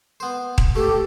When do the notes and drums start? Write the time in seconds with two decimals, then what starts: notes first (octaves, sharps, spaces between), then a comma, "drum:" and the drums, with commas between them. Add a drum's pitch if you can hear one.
0.20 B3 C5
0.58 drum: kick D#1
0.76 A3 G4 A4